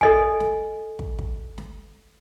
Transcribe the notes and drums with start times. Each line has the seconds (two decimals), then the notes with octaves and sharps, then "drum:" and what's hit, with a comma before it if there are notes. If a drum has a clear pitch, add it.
0.01 A4 D#5 G#5, drum: kick
0.40 drum: snare
0.99 drum: kick
1.19 drum: kick
1.58 drum: snare